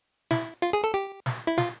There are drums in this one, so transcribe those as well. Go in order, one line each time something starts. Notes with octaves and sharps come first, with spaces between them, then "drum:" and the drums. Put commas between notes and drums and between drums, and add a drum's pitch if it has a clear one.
E4, drum: snare
F4
G#4
A4
G4
drum: snare
E4
F4, drum: snare